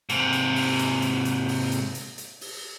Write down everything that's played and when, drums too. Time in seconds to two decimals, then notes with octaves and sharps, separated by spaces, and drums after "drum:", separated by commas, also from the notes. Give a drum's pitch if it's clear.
0.09 G#2 C3, drum: hi-hat
0.33 drum: hi-hat
0.56 drum: open hi-hat
0.79 drum: hi-hat
1.02 drum: hi-hat
1.25 drum: hi-hat
1.48 drum: open hi-hat
1.72 drum: hi-hat
1.95 drum: hi-hat
2.18 drum: hi-hat
2.41 drum: open hi-hat